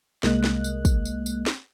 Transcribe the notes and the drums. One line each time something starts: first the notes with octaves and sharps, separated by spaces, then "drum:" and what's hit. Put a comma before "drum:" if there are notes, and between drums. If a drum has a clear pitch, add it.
C2 G#3 A#3 D#5 F#6, drum: snare
drum: snare
drum: tambourine
drum: kick, tambourine
drum: tambourine
drum: tambourine
drum: snare